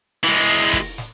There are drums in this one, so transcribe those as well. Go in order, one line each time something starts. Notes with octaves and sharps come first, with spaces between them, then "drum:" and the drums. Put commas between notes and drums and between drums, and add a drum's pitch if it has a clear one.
E3 G#3, drum: open hi-hat
drum: hi-hat
drum: kick, open hi-hat
drum: snare